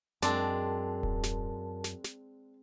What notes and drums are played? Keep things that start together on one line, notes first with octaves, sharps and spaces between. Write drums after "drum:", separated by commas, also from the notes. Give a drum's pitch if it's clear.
F#2 G#3 C4 D4 A#4 A5, drum: snare
drum: kick D#1
drum: snare
drum: snare
drum: snare